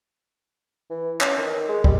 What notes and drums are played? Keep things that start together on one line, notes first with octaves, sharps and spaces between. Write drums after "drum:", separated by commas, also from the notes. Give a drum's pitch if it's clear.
E3
C#4, drum: clap
D#3
G#3
G3, drum: kick